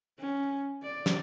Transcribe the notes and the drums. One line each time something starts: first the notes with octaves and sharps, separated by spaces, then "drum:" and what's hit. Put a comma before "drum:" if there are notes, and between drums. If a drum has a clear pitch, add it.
C#4
D5
drum: snare